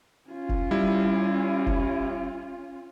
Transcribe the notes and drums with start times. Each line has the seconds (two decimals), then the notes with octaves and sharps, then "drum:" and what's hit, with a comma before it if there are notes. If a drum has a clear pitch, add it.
0.30 C#4 F4
0.49 drum: kick
0.71 G3 E4
1.66 drum: kick